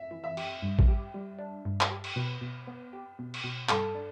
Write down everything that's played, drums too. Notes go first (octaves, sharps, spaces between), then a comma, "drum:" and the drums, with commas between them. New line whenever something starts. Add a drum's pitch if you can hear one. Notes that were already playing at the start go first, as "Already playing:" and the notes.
Already playing: E5
E3
E5
G4, drum: cymbal
G2
drum: kick
G4
G3
D4
G2
drum: clap
G4
drum: cymbal
B2 B4
B2
B3
G4
B2
drum: cymbal
B2
G2 A4, drum: clap
D4